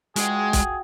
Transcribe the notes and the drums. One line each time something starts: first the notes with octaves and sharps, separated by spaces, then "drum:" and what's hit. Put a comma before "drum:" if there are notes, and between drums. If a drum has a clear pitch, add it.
G#3 F#4 G#4 F5 G5, drum: hi-hat
drum: kick, hi-hat